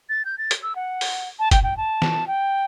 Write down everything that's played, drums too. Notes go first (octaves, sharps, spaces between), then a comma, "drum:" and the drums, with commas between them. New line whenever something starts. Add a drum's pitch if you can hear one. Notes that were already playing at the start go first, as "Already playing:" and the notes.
A6
G6
A6
drum: hi-hat
E6
F#5
drum: open hi-hat
A5
G5, drum: kick, hi-hat
G5
A5
drum: snare
G5